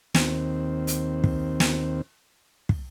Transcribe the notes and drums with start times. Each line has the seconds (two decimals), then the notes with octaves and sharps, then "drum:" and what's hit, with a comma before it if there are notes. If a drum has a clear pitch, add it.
0.14 D#2 C4, drum: snare
0.87 drum: hi-hat
1.24 drum: kick
1.60 drum: snare
2.69 drum: kick